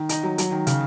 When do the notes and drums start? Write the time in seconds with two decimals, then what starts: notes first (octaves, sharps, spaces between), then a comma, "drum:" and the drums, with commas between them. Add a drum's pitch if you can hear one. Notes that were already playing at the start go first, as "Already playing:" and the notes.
Already playing: D#3
0.09 D#4, drum: hi-hat
0.23 F#3
0.38 F#3, drum: hi-hat
0.51 D#3
0.67 C#3, drum: hi-hat